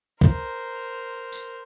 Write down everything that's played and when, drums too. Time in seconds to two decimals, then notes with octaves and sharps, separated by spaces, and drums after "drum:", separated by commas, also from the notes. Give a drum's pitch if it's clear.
0.21 A#4 C5, drum: kick
1.32 drum: tambourine